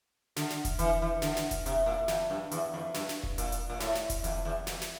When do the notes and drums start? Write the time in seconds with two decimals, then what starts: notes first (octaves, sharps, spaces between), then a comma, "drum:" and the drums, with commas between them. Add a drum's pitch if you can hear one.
0.36 D3, drum: snare
0.50 drum: snare
0.65 drum: kick E1, hi-hat
0.79 E3, drum: hi-hat
1.02 E3
1.22 D3, drum: snare
1.37 drum: snare
1.51 drum: kick E1, hi-hat
1.66 C3, drum: hi-hat
1.86 A#2
2.08 F2, drum: snare
2.30 G2
2.51 E2, drum: hi-hat
2.74 F2
2.94 G2, drum: snare
3.09 drum: snare
3.23 drum: kick E1
3.38 A#2, drum: hi-hat
3.52 drum: hi-hat
3.70 A#2
3.80 A2, drum: snare
3.95 drum: snare
4.10 drum: kick E1, hi-hat
4.24 F2, drum: hi-hat
4.45 E2
4.67 F2, drum: snare
4.81 drum: snare